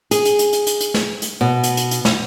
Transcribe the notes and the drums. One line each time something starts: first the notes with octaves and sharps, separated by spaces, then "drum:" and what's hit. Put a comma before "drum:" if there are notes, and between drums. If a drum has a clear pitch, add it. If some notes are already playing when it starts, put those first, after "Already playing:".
G#4, drum: hi-hat
drum: hi-hat
drum: hi-hat
drum: hi-hat
drum: hi-hat
drum: hi-hat
drum: snare
drum: hi-hat
B2
drum: hi-hat
drum: hi-hat
drum: hi-hat
drum: snare